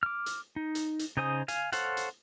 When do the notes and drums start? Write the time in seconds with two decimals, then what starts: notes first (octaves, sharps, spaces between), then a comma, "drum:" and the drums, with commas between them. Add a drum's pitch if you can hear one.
0.03 D6 F6
0.26 drum: hi-hat
0.56 D#4
0.75 drum: hi-hat
0.99 drum: hi-hat
1.17 C#3 D#4 C5 G#5 D#6
1.48 F5 G#5, drum: hi-hat
1.72 A4 C5 C#5 F5 F#5, drum: hi-hat
1.97 drum: hi-hat